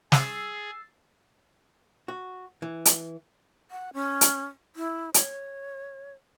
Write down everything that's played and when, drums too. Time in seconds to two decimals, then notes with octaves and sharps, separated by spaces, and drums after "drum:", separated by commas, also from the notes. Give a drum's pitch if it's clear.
0.12 G#4 E6 A6 C7, drum: snare
2.08 F#4
2.62 E3
2.85 drum: hi-hat
3.71 F#5
3.94 C#4
4.21 drum: hi-hat
4.76 E4
5.14 C#5, drum: hi-hat